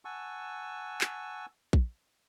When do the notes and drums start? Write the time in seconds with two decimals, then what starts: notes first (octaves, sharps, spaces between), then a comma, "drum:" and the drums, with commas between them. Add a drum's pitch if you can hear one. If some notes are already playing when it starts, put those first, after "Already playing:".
0.05 F#5 G#5 A5 C#6 E6
1.01 drum: clap
1.73 drum: kick A#1